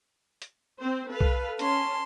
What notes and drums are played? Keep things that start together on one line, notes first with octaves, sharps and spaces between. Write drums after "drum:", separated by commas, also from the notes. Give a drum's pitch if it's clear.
drum: hi-hat
C4 C5
A4 B4 F5
drum: kick B1
C#4 A5 C6, drum: hi-hat